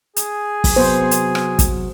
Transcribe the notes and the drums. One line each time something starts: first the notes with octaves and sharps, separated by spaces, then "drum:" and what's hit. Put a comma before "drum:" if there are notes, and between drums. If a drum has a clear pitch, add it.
G#4, drum: hi-hat
drum: kick, open hi-hat
C3 F#3 B3 C5
drum: hi-hat
drum: rim click
drum: kick, hi-hat